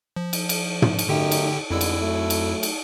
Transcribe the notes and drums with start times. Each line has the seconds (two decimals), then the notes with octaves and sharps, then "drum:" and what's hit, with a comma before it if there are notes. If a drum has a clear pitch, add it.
0.16 F3
0.33 drum: cymbal
0.49 drum: cymbal
0.82 drum: tom
0.99 drum: cymbal
1.09 F#2 D3 A3 D#4 G4 G5
1.31 drum: cymbal
1.71 A1 F2 D3 G#3 E4 E6
1.81 drum: cymbal
2.01 F#3 A3
2.30 drum: cymbal
2.63 drum: cymbal